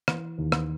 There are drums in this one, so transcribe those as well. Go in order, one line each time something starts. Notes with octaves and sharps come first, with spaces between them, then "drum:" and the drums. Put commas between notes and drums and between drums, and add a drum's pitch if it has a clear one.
E3, drum: rim click
D#2
drum: rim click